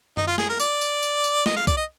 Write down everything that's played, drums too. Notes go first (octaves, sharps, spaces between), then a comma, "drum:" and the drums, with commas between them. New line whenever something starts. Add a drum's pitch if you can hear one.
D#4, drum: tom F#2
F4
G#4, drum: snare
A#4
D5, drum: tambourine
drum: tambourine
drum: tambourine
drum: tambourine
D#5, drum: snare
F5
D5, drum: kick C2, tambourine
D#5